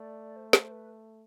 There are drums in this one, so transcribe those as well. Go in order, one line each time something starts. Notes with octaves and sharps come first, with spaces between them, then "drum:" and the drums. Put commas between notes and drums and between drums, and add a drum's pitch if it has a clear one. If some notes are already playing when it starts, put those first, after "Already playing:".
Already playing: A3 D5
C5
C5, drum: snare
B4